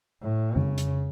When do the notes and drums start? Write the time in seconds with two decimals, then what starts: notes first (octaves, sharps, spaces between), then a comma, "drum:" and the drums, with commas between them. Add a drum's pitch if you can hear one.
0.22 A2
0.56 C#3, drum: tom F2
0.78 drum: hi-hat